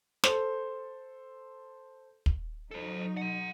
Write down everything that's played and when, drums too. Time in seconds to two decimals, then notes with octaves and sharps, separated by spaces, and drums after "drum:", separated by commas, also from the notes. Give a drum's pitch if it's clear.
0.24 A4 C5, drum: snare
2.26 drum: kick
2.71 F#3 D#4 A4 C5
3.17 F#5 C6